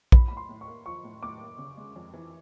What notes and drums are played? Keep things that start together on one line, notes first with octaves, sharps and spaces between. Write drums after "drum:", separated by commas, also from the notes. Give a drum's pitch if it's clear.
F3 B5, drum: kick A#1
A2 B5
C6
A2
C#6
A#3
F3 C#6
A2
A2 D6
A#3
C#3
G#3
F2
E3